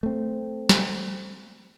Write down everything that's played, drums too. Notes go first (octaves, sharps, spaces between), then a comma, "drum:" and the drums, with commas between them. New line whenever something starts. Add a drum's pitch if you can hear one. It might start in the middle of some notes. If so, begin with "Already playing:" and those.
A3 C4
drum: snare